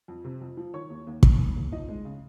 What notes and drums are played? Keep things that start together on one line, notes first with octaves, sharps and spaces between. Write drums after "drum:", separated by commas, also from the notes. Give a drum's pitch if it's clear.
F2
C3
F2
F3
D#3 C#5 C#6
D#2
D#2
D#2, drum: kick
D#3
D#2
F3 D#4 D#5
G#3
C#3